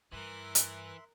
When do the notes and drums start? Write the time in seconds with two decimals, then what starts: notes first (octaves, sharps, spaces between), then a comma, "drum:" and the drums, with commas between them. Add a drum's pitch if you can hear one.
0.12 G2 E3 A#4 E5 C6 F#6
0.55 drum: hi-hat